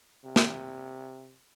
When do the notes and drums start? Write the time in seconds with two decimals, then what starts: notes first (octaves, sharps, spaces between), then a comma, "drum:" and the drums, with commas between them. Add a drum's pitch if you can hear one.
0.24 C3
0.36 drum: snare